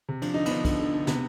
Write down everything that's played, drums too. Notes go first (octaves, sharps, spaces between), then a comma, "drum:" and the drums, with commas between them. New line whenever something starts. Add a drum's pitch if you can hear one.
C3
F3 D4, drum: cymbal
D3 D#4
B3 D4, drum: cymbal
F3
D3, drum: kick, cymbal
D3
D3
C3 B3, drum: snare